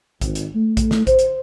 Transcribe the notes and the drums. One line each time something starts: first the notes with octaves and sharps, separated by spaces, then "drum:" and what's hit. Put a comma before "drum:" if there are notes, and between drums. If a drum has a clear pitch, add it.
G#1, drum: kick A#1, hi-hat
drum: hi-hat
A3
drum: kick A#1, hi-hat
drum: snare
C5, drum: kick A#1, hi-hat
drum: hi-hat